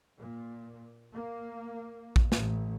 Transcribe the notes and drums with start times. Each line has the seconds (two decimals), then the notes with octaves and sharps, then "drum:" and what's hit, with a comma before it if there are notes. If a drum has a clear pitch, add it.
0.19 A#2
1.13 A#3
2.16 drum: kick
2.32 A1, drum: snare